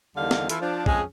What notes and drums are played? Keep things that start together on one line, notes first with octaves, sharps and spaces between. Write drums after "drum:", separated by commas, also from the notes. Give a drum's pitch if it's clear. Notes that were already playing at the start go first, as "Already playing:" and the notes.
E2 D3 D#3 G3 F5
drum: snare
E3 E4 F4 A4, drum: hi-hat
F3 D4
F2 G#3 C#4 G#4, drum: kick